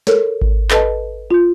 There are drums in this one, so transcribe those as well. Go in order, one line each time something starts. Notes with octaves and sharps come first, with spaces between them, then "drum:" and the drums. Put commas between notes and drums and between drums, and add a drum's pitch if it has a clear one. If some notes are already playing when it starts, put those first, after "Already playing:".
A4 A#4 C#5, drum: snare
drum: kick G#1
A4 B4 D#5 A5, drum: clap
F4 G6